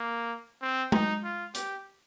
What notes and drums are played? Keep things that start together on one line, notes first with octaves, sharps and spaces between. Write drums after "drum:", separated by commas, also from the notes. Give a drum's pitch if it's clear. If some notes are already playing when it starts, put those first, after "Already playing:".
Already playing: A#3
C4
D#4, drum: tom G#3
F4
G4, drum: hi-hat